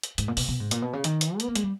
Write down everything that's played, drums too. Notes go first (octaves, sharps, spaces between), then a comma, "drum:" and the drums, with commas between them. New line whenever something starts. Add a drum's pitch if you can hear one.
drum: hi-hat
G#2, drum: hi-hat
A#2
B2, drum: open hi-hat
B2
G#2
A#2, drum: hi-hat
B2
C#3
D#3, drum: hi-hat
drum: hi-hat
B3, drum: hi-hat
A#3
G#3, drum: hi-hat
G3